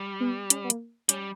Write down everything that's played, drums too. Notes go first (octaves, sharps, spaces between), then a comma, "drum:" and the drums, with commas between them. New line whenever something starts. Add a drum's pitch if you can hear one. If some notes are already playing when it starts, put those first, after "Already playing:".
Already playing: G3
B3
C#4, drum: hi-hat
B3
A#3, drum: hi-hat
G3 C#4, drum: hi-hat